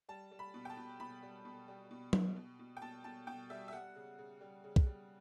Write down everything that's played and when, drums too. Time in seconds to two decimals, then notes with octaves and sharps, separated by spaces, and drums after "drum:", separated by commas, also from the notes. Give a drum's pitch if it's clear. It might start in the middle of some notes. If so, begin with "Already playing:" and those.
0.09 G3 A5
0.31 G3
0.39 B5
0.54 B2
0.65 G5
0.70 A5
0.77 B2
1.00 B2 B5
1.23 G3
1.45 B2
1.68 G3
1.91 B2
2.13 B2, drum: tom F#3
2.36 B2
2.59 B2
2.77 G5
2.82 B2 A5
3.04 B2 A5
3.27 B2 G5
3.50 G3 E5
3.68 E5
3.73 G3 F#5
3.96 C#3
4.18 C#3
4.41 G3
4.64 C#3
4.76 drum: kick
4.86 G3